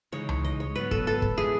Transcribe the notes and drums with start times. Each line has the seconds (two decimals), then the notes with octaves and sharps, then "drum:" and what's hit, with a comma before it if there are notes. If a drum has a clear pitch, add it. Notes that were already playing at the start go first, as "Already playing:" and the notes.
0.12 C#3 E3 G#3 D#4 C#5
0.29 drum: tom C#2
0.45 D#5
0.60 C#5
0.76 G#2 F#3 B3 B4
0.91 A4, drum: kick
1.07 A4
1.22 drum: kick
1.37 E3 G#3 B3 E4 G#4